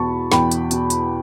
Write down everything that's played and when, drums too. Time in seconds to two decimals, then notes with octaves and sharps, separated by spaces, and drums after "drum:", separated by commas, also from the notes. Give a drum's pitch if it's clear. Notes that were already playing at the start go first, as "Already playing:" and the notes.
Already playing: E2 B2 A5 B5 C#6
0.32 E2 G5 B5, drum: snare
0.51 drum: hi-hat
0.71 B2, drum: hi-hat
0.90 drum: hi-hat